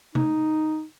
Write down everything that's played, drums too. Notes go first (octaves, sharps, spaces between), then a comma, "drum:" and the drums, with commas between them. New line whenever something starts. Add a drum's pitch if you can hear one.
D#4, drum: tom C3